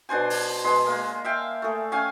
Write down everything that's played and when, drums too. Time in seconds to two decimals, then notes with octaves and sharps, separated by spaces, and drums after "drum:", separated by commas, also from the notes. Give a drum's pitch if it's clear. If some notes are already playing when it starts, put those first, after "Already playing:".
0.09 B2 D4 C5 G#5
0.30 drum: open hi-hat
0.64 B2 G#3 C6
0.86 G#3 A#3
1.25 E5 F5 G5
1.62 A3 G#4
1.92 C#4 F5 G5 G#5